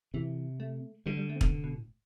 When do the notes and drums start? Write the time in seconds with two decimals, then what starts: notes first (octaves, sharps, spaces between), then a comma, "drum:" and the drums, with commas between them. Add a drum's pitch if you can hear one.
0.14 C3 E3
0.60 A3
1.06 D3 G3
1.17 G3
1.29 A3
1.36 C4
1.41 B3, drum: kick
1.52 C3
1.64 B2
1.75 A2